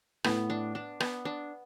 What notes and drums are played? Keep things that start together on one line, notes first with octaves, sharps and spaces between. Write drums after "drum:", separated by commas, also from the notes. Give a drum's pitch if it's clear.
A2 A3 B3, drum: rim click
D4
D4
B3, drum: rim click
D4